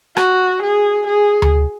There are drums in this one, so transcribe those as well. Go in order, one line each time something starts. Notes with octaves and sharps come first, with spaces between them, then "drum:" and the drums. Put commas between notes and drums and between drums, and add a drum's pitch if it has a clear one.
F#4, drum: rim click
G#4
G#4
drum: tom D2